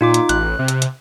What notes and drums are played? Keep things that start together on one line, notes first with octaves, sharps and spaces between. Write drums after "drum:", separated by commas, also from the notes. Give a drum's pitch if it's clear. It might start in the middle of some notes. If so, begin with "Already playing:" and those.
A#2 D#4 F4 D6
drum: hi-hat
A1 F#6, drum: hi-hat
C3
drum: hi-hat
drum: hi-hat